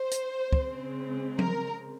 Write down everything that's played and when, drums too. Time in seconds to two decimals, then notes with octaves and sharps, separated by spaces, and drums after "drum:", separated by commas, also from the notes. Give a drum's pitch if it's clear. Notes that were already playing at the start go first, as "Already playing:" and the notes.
Already playing: C5
0.11 drum: hi-hat
0.53 C#3 G#3 C4, drum: kick
1.39 A#4, drum: tom F3